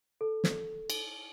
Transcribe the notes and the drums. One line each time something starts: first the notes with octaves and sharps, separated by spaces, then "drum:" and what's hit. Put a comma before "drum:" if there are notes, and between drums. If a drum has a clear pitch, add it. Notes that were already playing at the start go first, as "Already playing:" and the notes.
A4
drum: snare
drum: cymbal